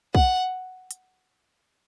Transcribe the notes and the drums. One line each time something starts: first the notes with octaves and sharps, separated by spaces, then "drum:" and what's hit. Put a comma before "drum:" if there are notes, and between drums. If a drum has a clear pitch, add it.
F#5, drum: kick
drum: hi-hat